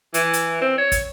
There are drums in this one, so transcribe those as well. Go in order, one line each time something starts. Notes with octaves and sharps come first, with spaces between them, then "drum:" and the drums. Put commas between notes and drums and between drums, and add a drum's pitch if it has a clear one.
E3, drum: hi-hat
drum: hi-hat
C4
C#5
drum: kick, hi-hat